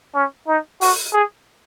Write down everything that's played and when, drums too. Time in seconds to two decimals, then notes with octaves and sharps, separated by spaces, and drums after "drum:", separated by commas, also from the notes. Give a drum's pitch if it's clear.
0.15 C#4
0.48 D#4
0.81 F#4, drum: open hi-hat
1.13 G#4